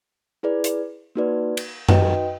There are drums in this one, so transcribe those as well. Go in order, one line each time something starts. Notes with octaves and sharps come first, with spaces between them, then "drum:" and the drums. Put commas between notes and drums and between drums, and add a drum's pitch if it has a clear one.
E4 G#4 B4 D5
drum: hi-hat
A#3 D#4 F#4 B4 D5
drum: cymbal
D#4 F#4 B4 D#5 G5, drum: tom F#2